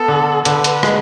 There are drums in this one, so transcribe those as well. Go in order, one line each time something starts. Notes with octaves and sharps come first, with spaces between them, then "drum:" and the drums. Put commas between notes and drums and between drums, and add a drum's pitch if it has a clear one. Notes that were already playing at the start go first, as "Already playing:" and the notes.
Already playing: B3 A4
D3
D3 B4, drum: hi-hat
drum: hi-hat
G#3, drum: rim click